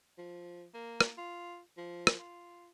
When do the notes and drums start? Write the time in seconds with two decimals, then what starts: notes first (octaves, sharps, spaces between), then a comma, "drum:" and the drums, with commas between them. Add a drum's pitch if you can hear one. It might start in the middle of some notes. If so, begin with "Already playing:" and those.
0.18 F3
0.74 A#3
1.00 drum: rim click
1.18 F4
1.77 F3
2.07 drum: rim click
2.19 F4